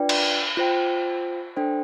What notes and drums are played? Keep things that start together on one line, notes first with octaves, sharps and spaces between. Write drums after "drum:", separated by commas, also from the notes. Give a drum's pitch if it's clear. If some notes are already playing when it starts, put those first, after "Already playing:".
Already playing: D4 F4 B4 D5 G5
drum: cymbal
F4 C5 G5
D4 A4 C5 G5